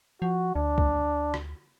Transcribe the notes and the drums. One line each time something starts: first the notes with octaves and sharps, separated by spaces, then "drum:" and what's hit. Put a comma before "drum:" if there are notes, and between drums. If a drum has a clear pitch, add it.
F3 F#4
D2 D4
drum: kick
drum: rim click